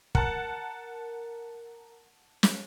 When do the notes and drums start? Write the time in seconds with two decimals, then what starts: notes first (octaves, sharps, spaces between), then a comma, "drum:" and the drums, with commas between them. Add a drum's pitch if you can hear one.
0.15 A#4 F#5 A5, drum: kick
2.43 drum: snare